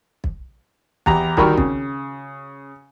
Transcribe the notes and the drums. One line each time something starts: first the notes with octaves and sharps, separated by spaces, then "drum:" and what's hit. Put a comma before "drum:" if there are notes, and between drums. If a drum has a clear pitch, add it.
drum: kick
E2 G4 A#5, drum: kick
D2 D#3 G3 A#4 B5 C#6, drum: kick
C#3, drum: kick